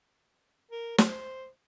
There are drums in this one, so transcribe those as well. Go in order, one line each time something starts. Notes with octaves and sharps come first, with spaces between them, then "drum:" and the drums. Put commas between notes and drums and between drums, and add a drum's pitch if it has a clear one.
A#4
C5, drum: snare